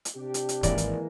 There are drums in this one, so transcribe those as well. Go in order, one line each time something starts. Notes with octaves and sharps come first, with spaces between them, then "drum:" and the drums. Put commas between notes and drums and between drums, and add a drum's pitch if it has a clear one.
drum: hi-hat
C3 D4 G4
drum: hi-hat
drum: hi-hat
G#1 E3 G#3 A#3 D5, drum: kick D#1, hi-hat
drum: hi-hat